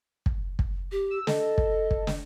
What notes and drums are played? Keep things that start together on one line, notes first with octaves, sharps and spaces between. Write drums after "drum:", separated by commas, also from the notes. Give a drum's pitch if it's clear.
drum: kick
drum: kick
G4
E6
A4 D#5, drum: snare
drum: kick
drum: kick
drum: snare